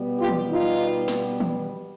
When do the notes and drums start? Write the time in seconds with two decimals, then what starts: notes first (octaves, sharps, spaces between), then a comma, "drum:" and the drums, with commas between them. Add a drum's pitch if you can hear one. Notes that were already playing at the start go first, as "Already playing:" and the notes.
Already playing: B2 G3 B3
0.18 F4 G4
0.28 drum: tom
0.50 D#4 F4
1.08 drum: snare
1.40 drum: tom